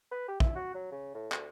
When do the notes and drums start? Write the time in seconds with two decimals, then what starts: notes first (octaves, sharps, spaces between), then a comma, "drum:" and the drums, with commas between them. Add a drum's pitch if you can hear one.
0.12 B4
0.28 G4
0.40 E4, drum: kick
0.56 F#4
0.75 F#3
0.92 C#3
1.15 A2
1.32 D2, drum: clap